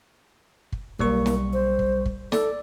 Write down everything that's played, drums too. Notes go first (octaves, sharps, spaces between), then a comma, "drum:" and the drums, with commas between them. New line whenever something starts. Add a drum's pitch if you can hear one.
drum: kick
B1 G3 A#3 C#6, drum: kick
drum: snare
C5
drum: kick
drum: kick
A4 D5, drum: snare